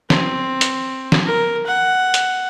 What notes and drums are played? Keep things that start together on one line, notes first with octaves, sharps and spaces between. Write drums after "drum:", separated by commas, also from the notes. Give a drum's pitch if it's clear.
C4, drum: snare
drum: hi-hat
drum: snare
A#4
F#5
drum: hi-hat